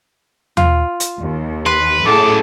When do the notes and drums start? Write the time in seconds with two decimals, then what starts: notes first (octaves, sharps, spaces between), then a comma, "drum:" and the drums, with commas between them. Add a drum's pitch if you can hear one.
0.57 F4, drum: tom
1.00 drum: hi-hat
1.20 D#2
1.66 B4 C6
2.06 F#2 A2 G#4 A4 A5 D6